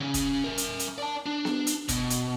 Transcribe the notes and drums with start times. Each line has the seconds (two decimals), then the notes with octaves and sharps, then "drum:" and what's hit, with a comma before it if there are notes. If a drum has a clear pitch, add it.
0.01 C#3 C#4
0.14 drum: kick, hi-hat
0.44 A#4 E5
0.58 drum: hi-hat
0.79 drum: hi-hat
0.98 D5 A5
1.26 D4
1.45 drum: snare B3
1.67 drum: hi-hat
1.88 B2, drum: kick, hi-hat
2.10 drum: hi-hat